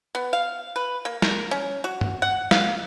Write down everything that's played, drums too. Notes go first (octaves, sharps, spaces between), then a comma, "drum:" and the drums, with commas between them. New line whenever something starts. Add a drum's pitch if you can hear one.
B3
F5
B4
A#3
A#4, drum: snare
C#4
F#4
drum: tom G2
F#5
F5, drum: snare